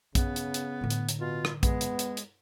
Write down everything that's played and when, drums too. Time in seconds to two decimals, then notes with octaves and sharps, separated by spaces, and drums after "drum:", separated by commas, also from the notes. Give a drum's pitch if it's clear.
0.15 C#3 B3 C#4, drum: kick A#1, hi-hat
0.36 drum: hi-hat
0.54 drum: hi-hat
0.81 A2 D3
0.90 drum: hi-hat
1.09 drum: hi-hat
1.20 B2 F4
1.45 drum: rim click
1.63 G#3 B3, drum: kick A#1, hi-hat
1.81 drum: hi-hat
1.99 drum: hi-hat
2.17 drum: hi-hat